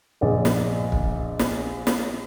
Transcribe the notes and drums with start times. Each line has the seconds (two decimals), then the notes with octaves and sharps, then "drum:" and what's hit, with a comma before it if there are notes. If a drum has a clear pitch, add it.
0.21 A#1 D5 D#5
0.45 drum: snare
0.92 drum: kick
1.39 drum: snare
1.87 drum: snare